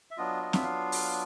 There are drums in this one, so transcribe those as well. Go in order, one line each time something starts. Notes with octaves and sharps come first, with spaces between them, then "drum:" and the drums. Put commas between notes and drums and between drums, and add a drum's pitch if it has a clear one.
E5
F#3 B3 D4 F4 D#5
D#5
E5, drum: snare C4
F5
drum: open hi-hat